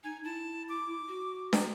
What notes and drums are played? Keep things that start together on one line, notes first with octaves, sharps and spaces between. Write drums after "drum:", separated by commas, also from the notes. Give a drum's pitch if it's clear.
D#4 G#5
E4 A5
D6
F#4
drum: snare